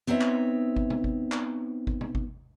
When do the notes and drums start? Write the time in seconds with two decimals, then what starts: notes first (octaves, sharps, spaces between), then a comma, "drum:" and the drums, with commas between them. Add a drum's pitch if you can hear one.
0.07 B3 C4 D#4 C#5 E5
0.21 drum: clap
0.76 drum: kick G#1
0.90 drum: tom B2
1.04 drum: kick G#1
1.32 drum: clap
1.87 drum: kick G#1
2.01 drum: tom B2
2.15 drum: kick G#1